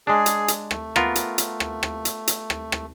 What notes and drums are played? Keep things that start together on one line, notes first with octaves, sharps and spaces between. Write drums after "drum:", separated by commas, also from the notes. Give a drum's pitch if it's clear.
G#3 D4 G#4
drum: hi-hat
drum: hi-hat
A3, drum: rim click
B3 F4 A#4, drum: rim click
drum: hi-hat
drum: hi-hat
drum: rim click
drum: rim click
drum: hi-hat
drum: hi-hat
drum: rim click
drum: rim click